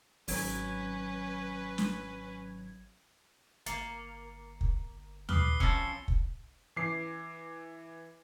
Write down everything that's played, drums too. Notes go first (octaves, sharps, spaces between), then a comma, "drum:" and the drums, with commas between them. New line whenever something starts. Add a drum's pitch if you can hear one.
G#1 F#3 C#4 B4 G#6, drum: open hi-hat
drum: snare
G1 A#3 A6 C7 C#7, drum: hi-hat
drum: kick
A#1 B4 D6 D#6 F6 C7 G7, drum: tom D#2
F3 C#4 E6 A6 C#7, drum: kick
drum: kick
E3 D6 C7